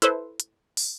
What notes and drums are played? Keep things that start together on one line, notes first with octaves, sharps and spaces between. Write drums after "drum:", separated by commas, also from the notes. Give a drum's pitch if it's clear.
E4 A4 B4 C5, drum: hi-hat
drum: hi-hat
drum: open hi-hat